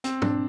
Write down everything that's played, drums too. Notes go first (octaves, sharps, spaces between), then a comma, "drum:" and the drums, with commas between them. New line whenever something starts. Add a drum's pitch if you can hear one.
C4, drum: hi-hat
D4, drum: tom